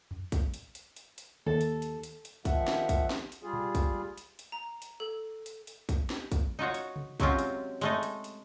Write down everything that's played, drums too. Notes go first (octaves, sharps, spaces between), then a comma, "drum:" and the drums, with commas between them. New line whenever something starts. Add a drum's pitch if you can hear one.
drum: tom F2
drum: kick, hi-hat
drum: hi-hat
drum: hi-hat
drum: hi-hat
drum: hi-hat
D#2 A4
drum: hi-hat
drum: hi-hat
drum: hi-hat
drum: hi-hat
D#3 F3 E5 F#5, drum: kick, hi-hat
drum: snare
drum: kick, hi-hat
drum: snare
drum: hi-hat
G3 F4 G#4
drum: tom A#2
drum: kick, hi-hat
drum: hi-hat
drum: hi-hat
A#5
drum: hi-hat
A4
drum: hi-hat
drum: hi-hat
drum: kick, hi-hat
drum: snare
drum: kick, hi-hat
D#4 F4 F#4 C#5
drum: hi-hat
drum: tom C3
C3 F#3 G#3 C4 C#4 F4, drum: kick, hi-hat
drum: hi-hat
G#3 A3 D#4, drum: hi-hat
drum: hi-hat
drum: hi-hat